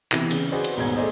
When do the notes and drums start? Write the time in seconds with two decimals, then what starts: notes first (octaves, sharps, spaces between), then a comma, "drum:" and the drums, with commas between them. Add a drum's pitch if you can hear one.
0.12 C3 E3 B3, drum: clap
0.31 C#3, drum: cymbal
0.52 F#4 G#4 B4 C5 D5 D#5
0.64 drum: cymbal
0.76 D#1 B1 G#2 B3 G#4 G#6
0.96 A3 D#4 G#4 C5 D5 D#5